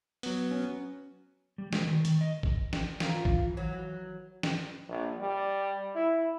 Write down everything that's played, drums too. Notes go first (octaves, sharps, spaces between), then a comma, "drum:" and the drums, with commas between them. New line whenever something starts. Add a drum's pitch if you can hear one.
F#3 B3, drum: open hi-hat
C#4
G3
G#3, drum: snare
D#3
D#3, drum: hi-hat
D#5
drum: kick A1
drum: snare
E3 F4 A#4, drum: snare
drum: kick A1
F#3
drum: snare
A#1
G3
E4